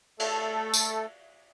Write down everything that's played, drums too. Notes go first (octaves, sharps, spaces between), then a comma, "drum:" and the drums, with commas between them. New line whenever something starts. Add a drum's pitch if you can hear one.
A3 A4, drum: cymbal
drum: tambourine